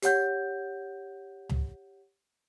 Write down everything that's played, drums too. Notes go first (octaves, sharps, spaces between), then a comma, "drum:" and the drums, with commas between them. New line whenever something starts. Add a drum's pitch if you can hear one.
G4 C#5 F#5 G6, drum: hi-hat
drum: tom C#2